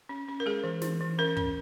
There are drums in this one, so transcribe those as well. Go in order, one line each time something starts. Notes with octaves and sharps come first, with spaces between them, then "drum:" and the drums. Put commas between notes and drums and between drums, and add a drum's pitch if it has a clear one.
C#4
C#4
A#4
G#3 G#4
E3
E3, drum: snare
E3
C#4 A#4
C#4, drum: kick